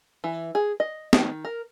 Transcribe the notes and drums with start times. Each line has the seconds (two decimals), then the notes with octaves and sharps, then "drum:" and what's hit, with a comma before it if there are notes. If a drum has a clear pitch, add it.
0.24 E3
0.55 G#4
0.80 D#5
1.13 D#3, drum: snare
1.45 A#4